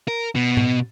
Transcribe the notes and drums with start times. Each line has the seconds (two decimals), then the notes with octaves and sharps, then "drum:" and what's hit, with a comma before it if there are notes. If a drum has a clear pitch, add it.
0.08 A#4
0.35 B2
0.57 drum: tom A2